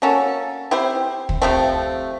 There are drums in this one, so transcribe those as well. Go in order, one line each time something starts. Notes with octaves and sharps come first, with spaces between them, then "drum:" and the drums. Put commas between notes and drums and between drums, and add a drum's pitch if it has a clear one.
A#3 C#4 F#4 A4
C4 E4 G4 C5
drum: kick
C3 F3 A3 C4